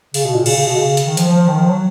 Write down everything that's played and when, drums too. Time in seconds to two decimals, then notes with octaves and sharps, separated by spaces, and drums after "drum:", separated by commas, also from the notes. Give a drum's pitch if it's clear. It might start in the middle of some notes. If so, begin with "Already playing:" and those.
0.14 C#3, drum: open hi-hat
0.25 B2
0.35 A#2
0.46 C#3, drum: cymbal
0.56 C#3
0.67 B2
0.77 C#3
0.97 drum: hi-hat
1.07 D#3
1.17 F3, drum: hi-hat
1.28 F3
1.38 F3
1.48 D#3
1.59 F3
1.68 F#3